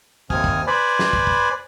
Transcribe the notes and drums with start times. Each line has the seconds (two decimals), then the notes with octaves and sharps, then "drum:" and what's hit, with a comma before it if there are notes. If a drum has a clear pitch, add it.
0.30 D#2 C3 G#5 D#6 F6, drum: kick
0.44 drum: kick
0.67 B4 C5 D5 G#5 B5
0.99 drum: snare
1.13 drum: kick
1.27 drum: kick